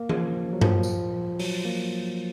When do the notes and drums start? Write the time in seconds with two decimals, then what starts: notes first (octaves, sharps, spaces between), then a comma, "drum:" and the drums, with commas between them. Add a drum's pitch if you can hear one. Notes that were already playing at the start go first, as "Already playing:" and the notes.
Already playing: A#3
0.09 F3, drum: tom
0.53 F#3
0.61 F3, drum: tom G2
0.83 drum: tambourine
1.39 F#3, drum: open hi-hat
1.65 A#3